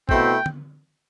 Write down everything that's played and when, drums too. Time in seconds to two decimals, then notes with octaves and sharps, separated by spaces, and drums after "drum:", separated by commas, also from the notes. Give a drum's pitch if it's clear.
0.09 B2 A3 C4 E4 G5, drum: kick
0.46 drum: tom D3